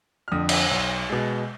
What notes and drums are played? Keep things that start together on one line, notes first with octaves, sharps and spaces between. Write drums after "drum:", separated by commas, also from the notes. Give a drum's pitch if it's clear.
F6
F2 D3 D#6
drum: cymbal
B1
B2 G#3